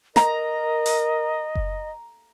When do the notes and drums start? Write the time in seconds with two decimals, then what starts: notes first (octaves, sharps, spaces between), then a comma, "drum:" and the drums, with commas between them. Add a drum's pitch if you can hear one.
0.16 A#4 D#5 A#5, drum: snare
0.86 drum: open hi-hat
1.55 drum: kick F#1